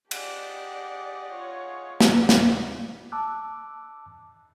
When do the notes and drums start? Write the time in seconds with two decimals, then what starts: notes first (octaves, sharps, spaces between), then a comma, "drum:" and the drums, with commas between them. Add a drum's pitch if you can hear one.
0.11 G4 G#4 D5 D#5 F#5, drum: cymbal
1.33 F4 C#5
2.01 D5, drum: snare
2.29 drum: snare
3.12 A5 D6 E6 F#6